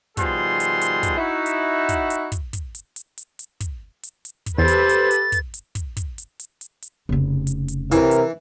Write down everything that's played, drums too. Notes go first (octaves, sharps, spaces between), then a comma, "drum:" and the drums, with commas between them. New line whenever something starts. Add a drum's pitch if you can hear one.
B2 D#3 F3 G3 G#4 C6, drum: kick, hi-hat
drum: hi-hat
drum: hi-hat
drum: kick, hi-hat
D#4 E4 F#4
drum: hi-hat
drum: kick, hi-hat
drum: hi-hat
drum: kick, hi-hat
drum: kick, hi-hat
drum: hi-hat
drum: hi-hat
drum: hi-hat
drum: hi-hat
drum: kick, hi-hat
drum: hi-hat
drum: hi-hat
drum: kick, hi-hat
E2 G4 A4 B4 C5 A6
drum: hi-hat
drum: hi-hat
drum: hi-hat
drum: kick, hi-hat
drum: hi-hat
drum: kick, hi-hat
drum: kick, hi-hat
drum: hi-hat
drum: hi-hat
drum: hi-hat
drum: hi-hat
F1 C#3
drum: hi-hat
drum: hi-hat
C3 E3 A#4, drum: kick, hi-hat
drum: hi-hat